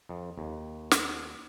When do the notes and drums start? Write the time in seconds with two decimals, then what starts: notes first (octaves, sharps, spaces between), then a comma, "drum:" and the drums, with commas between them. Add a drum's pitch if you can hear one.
0.09 F2
0.38 D#2
0.91 drum: snare